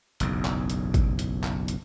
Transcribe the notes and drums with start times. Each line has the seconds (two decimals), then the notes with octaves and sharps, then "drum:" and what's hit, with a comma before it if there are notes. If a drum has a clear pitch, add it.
0.20 F#1 B1 E2, drum: hi-hat
0.45 drum: clap
0.70 drum: hi-hat
0.94 drum: kick, hi-hat
1.19 drum: hi-hat
1.44 drum: clap
1.68 drum: hi-hat